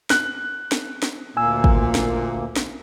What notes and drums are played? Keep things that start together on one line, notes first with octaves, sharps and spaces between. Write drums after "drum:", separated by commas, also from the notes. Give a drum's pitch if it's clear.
F#6, drum: snare
drum: snare
drum: snare
D2 A#2 A#3 G#5 E6
drum: kick
drum: snare
drum: snare